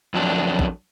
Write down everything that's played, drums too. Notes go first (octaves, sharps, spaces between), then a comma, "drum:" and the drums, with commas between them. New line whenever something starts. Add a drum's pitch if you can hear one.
F2 F#3 D4
drum: kick